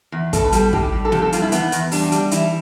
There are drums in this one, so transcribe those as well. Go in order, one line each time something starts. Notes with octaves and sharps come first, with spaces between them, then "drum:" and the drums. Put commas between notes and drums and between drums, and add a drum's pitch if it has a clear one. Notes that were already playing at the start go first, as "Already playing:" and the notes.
E2
B2 A4, drum: kick, hi-hat
B4
G3 A4, drum: hi-hat
A2 G4, drum: kick
G3
A4
F2 G4, drum: snare
A4
G3 F4, drum: hi-hat
E4
E2 B3, drum: hi-hat
E2, drum: hi-hat
G3 D4, drum: open hi-hat
G3, drum: hi-hat
E3 E4, drum: hi-hat